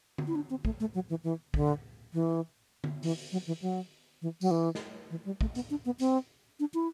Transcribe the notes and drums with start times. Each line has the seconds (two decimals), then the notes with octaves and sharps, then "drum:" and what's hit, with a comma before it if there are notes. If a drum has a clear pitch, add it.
0.18 drum: tom D3
0.28 E4
0.35 D4
0.50 C4
0.65 A3, drum: kick
0.80 A3
0.94 F#3
1.10 E3
1.24 E3
1.54 D3, drum: kick
2.13 E3
2.84 drum: tom D3
3.03 E3, drum: open hi-hat
3.32 F#3
3.47 E3
3.62 F#3
4.22 E3
4.41 F#3, drum: tambourine
4.51 E3
4.75 drum: snare
5.10 E3
5.25 G3
5.41 A3, drum: kick
5.55 B3, drum: hi-hat
5.70 D4
5.85 B3
6.00 C4, drum: hi-hat
6.60 D4
6.74 E4